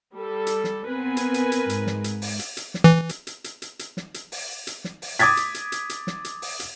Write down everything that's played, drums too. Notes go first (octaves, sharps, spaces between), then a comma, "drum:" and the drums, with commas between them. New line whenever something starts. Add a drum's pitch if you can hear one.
G3 A4
drum: hi-hat
drum: snare
B3 C4 A#4 B4 G#5
drum: hi-hat
drum: hi-hat
drum: hi-hat
G#2, drum: hi-hat
drum: snare
drum: hi-hat
drum: open hi-hat
drum: hi-hat
drum: hi-hat
drum: snare
E3
drum: hi-hat
drum: hi-hat
drum: hi-hat
drum: hi-hat
drum: hi-hat
drum: snare
drum: hi-hat
drum: open hi-hat
drum: hi-hat
drum: snare
drum: open hi-hat
D6 D#6 G#6 A6 B6, drum: hi-hat
drum: hi-hat
drum: hi-hat
drum: hi-hat
drum: hi-hat
drum: snare
drum: hi-hat
drum: open hi-hat
drum: hi-hat